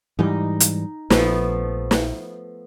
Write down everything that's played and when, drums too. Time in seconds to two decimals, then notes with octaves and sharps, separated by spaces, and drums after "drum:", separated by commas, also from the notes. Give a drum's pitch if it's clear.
0.19 G#2 E3 G3 D#4
0.60 drum: hi-hat
1.10 A#1 F3 A3 B3, drum: snare
1.91 drum: snare